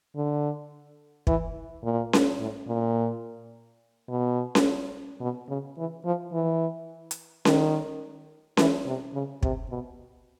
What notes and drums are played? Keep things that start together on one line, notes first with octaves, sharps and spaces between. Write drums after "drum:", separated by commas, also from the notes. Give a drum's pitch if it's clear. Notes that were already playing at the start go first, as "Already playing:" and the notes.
D3
E3, drum: kick
A#2
drum: snare C#4
A2
A#2
B2
drum: snare C#4
B2
C#3
E3
F3
E3
drum: hi-hat
D#3, drum: snare C#4
E3, drum: snare C#4
C3
C#3
C3, drum: kick
B2